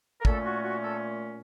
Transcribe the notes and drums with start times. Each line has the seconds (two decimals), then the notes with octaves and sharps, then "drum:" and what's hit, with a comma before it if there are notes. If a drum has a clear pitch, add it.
0.21 A#4
0.25 A#2 A3 C#4 A4, drum: kick
0.45 F#4
0.63 F#4
0.83 A4